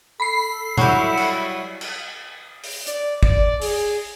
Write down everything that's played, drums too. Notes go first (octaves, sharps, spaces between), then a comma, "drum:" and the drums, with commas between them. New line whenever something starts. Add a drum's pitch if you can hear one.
A4 B5 C7
F#3 G3 E4 F#4, drum: tom
drum: cymbal
drum: cymbal
drum: open hi-hat
D5, drum: hi-hat
D5, drum: kick
G#4, drum: open hi-hat